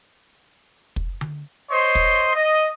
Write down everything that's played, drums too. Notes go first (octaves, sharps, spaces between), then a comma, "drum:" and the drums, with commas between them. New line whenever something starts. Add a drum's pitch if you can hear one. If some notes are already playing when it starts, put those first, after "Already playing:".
drum: kick
drum: tom D3
C5 C#5 D#5 C6
drum: kick
D#5